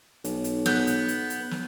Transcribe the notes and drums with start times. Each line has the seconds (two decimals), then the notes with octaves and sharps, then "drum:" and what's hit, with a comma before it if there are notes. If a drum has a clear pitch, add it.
0.24 B1, drum: hi-hat
0.44 drum: hi-hat
0.66 B3 F#6 G6, drum: snare
0.87 drum: hi-hat
1.08 drum: hi-hat
1.30 drum: hi-hat
1.51 drum: snare